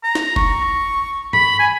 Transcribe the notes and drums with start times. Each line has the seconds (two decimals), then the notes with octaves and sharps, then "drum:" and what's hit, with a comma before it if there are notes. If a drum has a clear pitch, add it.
0.03 A#5
0.15 drum: snare
0.36 C#6, drum: kick F1
1.33 B5, drum: tom G2
1.59 G#5